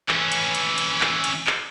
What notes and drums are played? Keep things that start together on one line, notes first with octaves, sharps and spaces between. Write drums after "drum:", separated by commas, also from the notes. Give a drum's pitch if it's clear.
E3 C#4, drum: clap
drum: cymbal
drum: cymbal
drum: cymbal
drum: clap
drum: cymbal
drum: clap